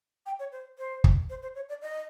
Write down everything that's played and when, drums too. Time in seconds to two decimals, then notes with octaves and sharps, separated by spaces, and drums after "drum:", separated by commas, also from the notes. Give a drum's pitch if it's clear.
0.26 G5
0.39 C#5
0.52 C5
0.78 C5
1.04 drum: kick
1.30 C5
1.42 C5
1.55 C#5
1.69 D5
1.82 D#5